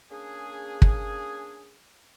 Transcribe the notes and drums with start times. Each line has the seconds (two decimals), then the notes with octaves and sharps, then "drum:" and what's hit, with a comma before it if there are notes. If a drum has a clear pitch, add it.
0.11 A#3 C#4 D4 G#4
0.82 drum: kick